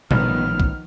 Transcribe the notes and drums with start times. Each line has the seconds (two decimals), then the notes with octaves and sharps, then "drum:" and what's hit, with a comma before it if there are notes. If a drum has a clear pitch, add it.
0.11 A1 A#2 D#3 F3 G3 B3 F6, drum: tom B2
0.60 drum: kick